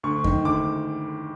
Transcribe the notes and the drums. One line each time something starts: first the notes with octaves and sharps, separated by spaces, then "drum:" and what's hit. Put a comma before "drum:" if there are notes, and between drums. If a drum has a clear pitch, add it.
D2 C#6
D#3, drum: kick F2
D2 D6